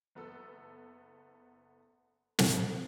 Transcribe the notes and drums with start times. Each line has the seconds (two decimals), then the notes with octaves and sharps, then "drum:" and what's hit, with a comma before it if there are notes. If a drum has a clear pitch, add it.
0.15 F#1 B3 A4 E6
2.39 drum: snare